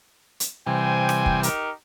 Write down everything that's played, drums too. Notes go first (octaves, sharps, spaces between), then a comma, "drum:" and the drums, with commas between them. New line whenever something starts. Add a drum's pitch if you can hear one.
drum: hi-hat
C3 E3 G3 C5 G5 G#5
drum: rim click
drum: kick
D#4 G4 A#4, drum: hi-hat